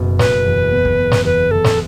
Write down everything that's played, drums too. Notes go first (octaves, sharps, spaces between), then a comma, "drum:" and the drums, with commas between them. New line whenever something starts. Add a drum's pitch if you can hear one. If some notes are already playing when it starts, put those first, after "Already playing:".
Already playing: F#1 B2
F#1 B4, drum: snare
E2
B3
drum: kick
B3
drum: snare
E2 B4
E2 A4
drum: snare